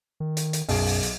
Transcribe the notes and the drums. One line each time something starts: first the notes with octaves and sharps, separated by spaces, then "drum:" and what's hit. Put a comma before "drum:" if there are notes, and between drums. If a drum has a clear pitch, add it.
D#3
drum: hi-hat
drum: hi-hat
B1 F#2 G#4 D7, drum: open hi-hat
drum: open hi-hat
drum: hi-hat